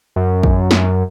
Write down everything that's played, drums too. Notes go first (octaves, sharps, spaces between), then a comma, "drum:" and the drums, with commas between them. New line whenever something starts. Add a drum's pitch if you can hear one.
F#2
drum: kick
drum: snare